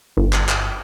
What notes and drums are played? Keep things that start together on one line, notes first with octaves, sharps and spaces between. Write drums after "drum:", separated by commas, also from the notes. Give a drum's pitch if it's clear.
G1
drum: clap
drum: clap